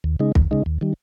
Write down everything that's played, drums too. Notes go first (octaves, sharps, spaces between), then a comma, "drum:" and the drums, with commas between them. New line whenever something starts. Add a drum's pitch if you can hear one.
D#2
C#3 G#3 D#4
D#2, drum: kick
C#3 G#3 D#4
D#2
D#3 G3